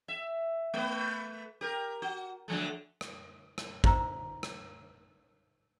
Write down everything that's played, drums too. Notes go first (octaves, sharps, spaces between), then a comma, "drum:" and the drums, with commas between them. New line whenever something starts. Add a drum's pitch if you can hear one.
E5
A3 B4
G4 A#4
F#4
D3 F3 A3
drum: rim click
drum: rim click
D#4 F4 C5 A#5 E6, drum: kick
drum: rim click